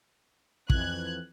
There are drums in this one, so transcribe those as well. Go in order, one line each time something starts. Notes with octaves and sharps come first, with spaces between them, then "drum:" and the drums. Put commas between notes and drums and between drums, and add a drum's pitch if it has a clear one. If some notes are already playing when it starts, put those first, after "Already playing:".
F2 E3 F#6 G#6, drum: kick